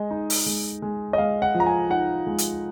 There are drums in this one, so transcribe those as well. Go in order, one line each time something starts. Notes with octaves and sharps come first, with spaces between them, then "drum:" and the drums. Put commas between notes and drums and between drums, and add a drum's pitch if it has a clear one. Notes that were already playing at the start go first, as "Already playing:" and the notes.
Already playing: G#3 D#5
D#4
drum: open hi-hat
G#3
G#3
D#5
G#3 F5
F#5
F3
A#5
G#5
D#4 F#5
G#3
drum: hi-hat